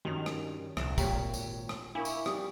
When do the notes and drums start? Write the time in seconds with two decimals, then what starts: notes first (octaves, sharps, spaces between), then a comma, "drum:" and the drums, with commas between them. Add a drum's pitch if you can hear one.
0.05 G2 D#3 C#4 F#4 F7
0.26 drum: rim click
0.77 D#1 C2 E5 E7, drum: rim click
0.98 G#1 A#2 G4 C#5 G5 A#5 B6, drum: kick, tambourine
1.34 drum: tambourine
1.69 drum: rim click
1.95 D4 E4 A#4 F5 C#6 D6
2.05 drum: tambourine
2.26 G3 D#6, drum: rim click